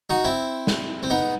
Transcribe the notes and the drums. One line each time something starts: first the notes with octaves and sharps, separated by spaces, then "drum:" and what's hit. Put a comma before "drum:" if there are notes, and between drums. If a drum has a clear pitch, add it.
D#4 F#4
C4 E4
drum: snare
C4
B3 D#4